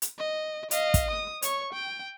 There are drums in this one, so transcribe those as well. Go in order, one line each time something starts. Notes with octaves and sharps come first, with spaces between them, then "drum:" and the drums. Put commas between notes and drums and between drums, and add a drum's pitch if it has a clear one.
drum: hi-hat
D#5
D#5 F5, drum: hi-hat
drum: kick, hi-hat
D#6
C#5 C#6, drum: hi-hat
G5